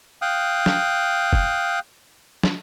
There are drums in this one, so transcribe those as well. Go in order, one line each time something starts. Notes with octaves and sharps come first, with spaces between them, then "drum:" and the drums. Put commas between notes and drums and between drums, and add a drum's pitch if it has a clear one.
F5 G5 D#6 F#6
drum: snare
drum: kick F#1
drum: snare